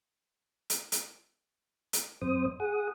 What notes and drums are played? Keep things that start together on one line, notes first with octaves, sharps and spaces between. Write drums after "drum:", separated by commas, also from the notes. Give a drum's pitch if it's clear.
drum: hi-hat
drum: hi-hat
drum: hi-hat
F#2 C4 C5 D#6
G#4 F#5 D#6